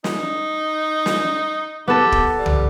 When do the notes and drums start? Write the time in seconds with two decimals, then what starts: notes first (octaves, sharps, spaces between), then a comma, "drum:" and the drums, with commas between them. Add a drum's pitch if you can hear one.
0.04 D#4, drum: snare
1.06 drum: snare
1.88 B3 G4 A4
2.12 drum: kick
2.36 G3
2.46 drum: tom C2